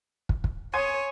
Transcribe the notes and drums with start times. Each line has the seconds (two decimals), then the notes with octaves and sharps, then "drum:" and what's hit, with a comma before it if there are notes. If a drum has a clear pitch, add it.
0.29 drum: kick
0.44 drum: kick
0.74 C#5 G#5 C6 D#6